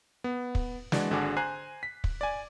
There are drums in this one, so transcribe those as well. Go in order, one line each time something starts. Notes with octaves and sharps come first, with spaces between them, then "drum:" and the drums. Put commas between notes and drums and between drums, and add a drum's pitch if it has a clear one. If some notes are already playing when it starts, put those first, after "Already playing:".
B3
drum: kick
E3 G#3 D4 F#4 D5, drum: snare
G#1 D3 D4 F#4 G#4 D6
C5 G#5 A#5 F#6 C7
B6
drum: kick
D5 G#5